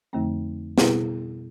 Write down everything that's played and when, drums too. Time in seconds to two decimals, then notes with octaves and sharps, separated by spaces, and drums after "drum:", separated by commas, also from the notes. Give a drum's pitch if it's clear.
0.13 F2 D3 F3 A3 C4
0.78 B2 G3 B3 E4 G#4, drum: snare